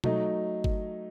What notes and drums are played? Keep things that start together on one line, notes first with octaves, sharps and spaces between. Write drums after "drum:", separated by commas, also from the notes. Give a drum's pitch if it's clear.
F#3 A3 D#4, drum: tom B2
drum: kick G1